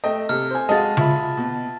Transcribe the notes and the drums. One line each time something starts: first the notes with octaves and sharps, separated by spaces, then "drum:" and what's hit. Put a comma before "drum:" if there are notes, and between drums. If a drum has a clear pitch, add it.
A3 D#5 G5
C3 A4 F6
C5 G#5
G#3 F#4 D#5 F5 A5 A6
F4 E5 B5, drum: tom C#3
B2